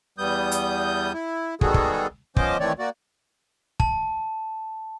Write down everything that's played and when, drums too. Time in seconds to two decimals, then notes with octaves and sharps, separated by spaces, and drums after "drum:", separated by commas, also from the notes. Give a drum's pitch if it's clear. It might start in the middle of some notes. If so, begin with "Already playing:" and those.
0.18 E2 G3 B3 D#6 G6
0.51 drum: hi-hat
1.14 E4
1.61 D#3 G3 B3 F#4 G#4 A4, drum: kick
1.74 drum: kick
2.36 F3 B3 C#4 C5 D#5 D6, drum: kick
2.60 D#3 E3 A3 C4 C#5 D5
2.79 A#3 F#4 D5
3.80 A5, drum: kick